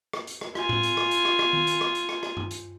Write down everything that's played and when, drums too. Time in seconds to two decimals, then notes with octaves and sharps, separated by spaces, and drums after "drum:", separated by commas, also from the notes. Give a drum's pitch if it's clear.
0.13 drum: rim click
0.27 drum: hi-hat
0.41 drum: rim click
0.55 F4 G#5, drum: rim click
0.69 drum: tom A2
0.83 drum: hi-hat
0.97 drum: rim click
1.11 drum: hi-hat
1.25 drum: rim click
1.39 drum: rim click
1.53 drum: tom D#3
1.67 drum: hi-hat
1.81 drum: rim click
1.95 drum: hi-hat
2.09 drum: rim click
2.23 drum: rim click
2.37 drum: tom G2
2.51 drum: hi-hat